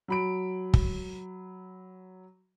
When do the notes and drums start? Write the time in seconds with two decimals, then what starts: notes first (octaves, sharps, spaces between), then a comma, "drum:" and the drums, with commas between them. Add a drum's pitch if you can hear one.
0.08 F#3 B5 D7
0.74 drum: kick